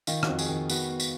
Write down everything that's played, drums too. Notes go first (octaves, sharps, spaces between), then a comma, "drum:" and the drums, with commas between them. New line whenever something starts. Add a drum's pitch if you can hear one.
D#3 F4, drum: tambourine
F#4, drum: rim click
F2
G#4, drum: tambourine
D#3
B3 F#4, drum: tambourine
B3
drum: tambourine